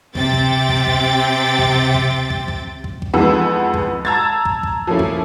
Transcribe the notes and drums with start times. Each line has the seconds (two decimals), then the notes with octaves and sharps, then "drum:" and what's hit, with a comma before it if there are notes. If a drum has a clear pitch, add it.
0.15 C3 C4 G5 A6, drum: kick
0.33 drum: kick
0.69 drum: kick
0.87 drum: kick
1.59 drum: kick
1.95 drum: kick
2.30 drum: kick
2.48 drum: kick
2.84 drum: kick
3.02 drum: kick
3.13 F2 E3 G#3 B3 D#4 E6
3.74 drum: kick
4.05 A5 A#5 E6 G#6 A6
4.45 drum: kick
4.63 drum: kick
4.87 F3 A3 A#3 C#4 E4
4.99 drum: kick